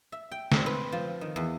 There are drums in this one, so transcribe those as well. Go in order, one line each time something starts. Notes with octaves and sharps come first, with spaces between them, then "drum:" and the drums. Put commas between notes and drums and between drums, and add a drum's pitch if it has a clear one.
E5
G5
C4, drum: snare
B4
F3
D#3
E2